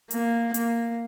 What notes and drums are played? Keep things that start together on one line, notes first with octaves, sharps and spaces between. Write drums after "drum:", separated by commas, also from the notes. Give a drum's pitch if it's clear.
A#3, drum: hi-hat
A#3, drum: hi-hat